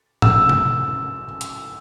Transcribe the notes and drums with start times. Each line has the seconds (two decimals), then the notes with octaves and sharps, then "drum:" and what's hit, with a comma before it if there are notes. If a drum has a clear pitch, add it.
0.22 E6, drum: tom A2
0.49 drum: tom C3
1.41 drum: hi-hat